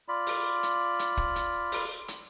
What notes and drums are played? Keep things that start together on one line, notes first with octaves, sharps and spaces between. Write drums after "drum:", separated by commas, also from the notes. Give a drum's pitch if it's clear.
F4 D5 B5
drum: open hi-hat
drum: hi-hat
drum: hi-hat
drum: kick
drum: hi-hat
drum: open hi-hat
drum: hi-hat